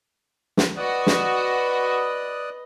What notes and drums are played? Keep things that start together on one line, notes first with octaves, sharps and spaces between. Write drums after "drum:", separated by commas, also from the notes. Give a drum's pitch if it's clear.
drum: snare
F#4 B4 D5 D#5 D#6 F#6
drum: snare